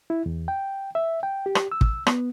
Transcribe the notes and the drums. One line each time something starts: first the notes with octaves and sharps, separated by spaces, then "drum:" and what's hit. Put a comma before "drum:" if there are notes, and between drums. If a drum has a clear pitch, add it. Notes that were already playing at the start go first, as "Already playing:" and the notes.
E4
E2
G5
E5
G5
G4
drum: rim click
E6
drum: kick
B3, drum: rim click